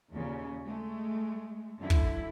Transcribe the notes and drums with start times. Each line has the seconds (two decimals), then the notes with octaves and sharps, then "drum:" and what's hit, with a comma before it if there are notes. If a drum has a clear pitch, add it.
0.12 D#2 A#2 C#3
0.65 G#3 A3
1.79 F#2 D3 E4
1.90 drum: kick